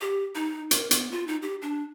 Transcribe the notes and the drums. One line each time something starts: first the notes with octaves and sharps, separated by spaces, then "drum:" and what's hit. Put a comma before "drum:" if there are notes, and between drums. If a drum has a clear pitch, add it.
G4
D#4
A#4, drum: hi-hat
B3, drum: hi-hat
F4
D#4
G4
D4